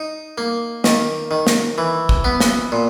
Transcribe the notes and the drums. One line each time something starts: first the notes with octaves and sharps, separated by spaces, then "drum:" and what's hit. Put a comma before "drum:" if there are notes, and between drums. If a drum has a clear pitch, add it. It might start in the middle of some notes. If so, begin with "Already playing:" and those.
Already playing: D#4
A#3
D#3, drum: snare
D#3
drum: snare
E3
drum: kick
B3
drum: snare
A#2